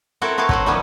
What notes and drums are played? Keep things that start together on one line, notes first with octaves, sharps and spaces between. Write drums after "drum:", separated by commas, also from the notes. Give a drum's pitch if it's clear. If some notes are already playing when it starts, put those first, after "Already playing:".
C4 E4 F#4 A4 A#4
A3 B3 E4 F5 A5
F#3 B4 C5, drum: kick
D#3 F3 G3 B3 C#4